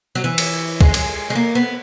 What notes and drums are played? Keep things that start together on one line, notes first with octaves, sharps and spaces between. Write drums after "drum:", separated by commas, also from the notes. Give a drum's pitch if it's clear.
F#3
E3
drum: cymbal
G#3, drum: kick
drum: cymbal
G#3
A#3
B3